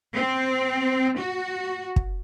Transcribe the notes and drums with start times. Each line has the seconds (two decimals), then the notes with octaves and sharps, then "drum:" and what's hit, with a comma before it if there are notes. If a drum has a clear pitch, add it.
0.15 C4
1.20 F#4
1.96 drum: kick